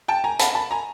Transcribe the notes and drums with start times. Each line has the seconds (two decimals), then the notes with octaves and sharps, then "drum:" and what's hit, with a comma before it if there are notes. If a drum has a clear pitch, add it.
0.08 G5 A5
0.24 G#5 A#5
0.39 A5 B5, drum: hi-hat
0.55 A5 B5
0.71 G#5 A#5